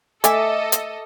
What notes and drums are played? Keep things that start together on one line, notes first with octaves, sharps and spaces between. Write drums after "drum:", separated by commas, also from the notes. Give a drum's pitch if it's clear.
A3 A4 D#5 E5 G#5 D6 E6, drum: hi-hat
drum: hi-hat